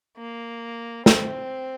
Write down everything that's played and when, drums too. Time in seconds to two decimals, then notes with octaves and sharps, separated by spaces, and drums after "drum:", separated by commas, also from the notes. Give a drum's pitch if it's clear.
0.17 A#3
1.06 C4, drum: snare